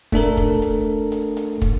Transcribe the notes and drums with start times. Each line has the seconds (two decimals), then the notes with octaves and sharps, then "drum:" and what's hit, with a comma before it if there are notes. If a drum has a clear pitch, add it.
0.12 A3 D4 A4 A#4, drum: kick, hi-hat
0.37 drum: kick, hi-hat
0.62 drum: hi-hat
1.12 drum: hi-hat
1.37 drum: hi-hat
1.62 drum: kick, hi-hat